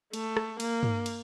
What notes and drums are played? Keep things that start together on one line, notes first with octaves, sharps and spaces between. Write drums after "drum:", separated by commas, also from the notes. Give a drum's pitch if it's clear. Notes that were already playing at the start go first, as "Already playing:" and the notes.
A3, drum: cymbal
drum: rim click
A#3, drum: cymbal
drum: tom
drum: cymbal